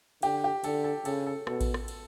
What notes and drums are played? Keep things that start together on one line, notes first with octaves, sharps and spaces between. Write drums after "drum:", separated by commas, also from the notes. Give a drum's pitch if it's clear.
D3 G4, drum: cymbal
G4
D3 A4, drum: cymbal
A4
C#3 A4, drum: cymbal
A4
B2 A4, drum: rim click
drum: kick A1, cymbal
drum: rim click
drum: cymbal